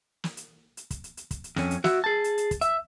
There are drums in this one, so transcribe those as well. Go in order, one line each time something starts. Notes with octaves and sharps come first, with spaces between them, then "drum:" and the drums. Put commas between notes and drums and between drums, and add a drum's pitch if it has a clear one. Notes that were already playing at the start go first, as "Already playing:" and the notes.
drum: snare
drum: hi-hat
drum: hi-hat
drum: kick, hi-hat
drum: hi-hat
drum: hi-hat
drum: kick, hi-hat
drum: hi-hat
F2 C#4, drum: snare
drum: hi-hat
F#4 E5, drum: snare
G#4 A5
drum: hi-hat
drum: hi-hat
drum: kick, hi-hat
E5, drum: hi-hat